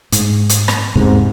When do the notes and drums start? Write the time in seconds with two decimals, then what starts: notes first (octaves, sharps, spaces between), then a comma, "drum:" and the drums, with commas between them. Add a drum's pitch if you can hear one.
0.12 G#2, drum: hi-hat
0.49 drum: hi-hat
0.68 drum: rim click
0.95 E2 G#2 C3